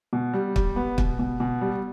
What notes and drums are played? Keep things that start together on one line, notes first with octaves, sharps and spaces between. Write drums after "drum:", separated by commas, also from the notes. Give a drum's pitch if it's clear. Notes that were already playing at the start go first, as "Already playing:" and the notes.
B2
G3
G3, drum: kick
B3
B2, drum: kick
B2
B2
G3